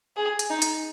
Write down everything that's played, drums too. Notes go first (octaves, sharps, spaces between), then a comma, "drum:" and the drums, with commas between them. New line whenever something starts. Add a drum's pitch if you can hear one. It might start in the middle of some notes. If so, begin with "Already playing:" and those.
G#4
drum: hi-hat
D#4
drum: hi-hat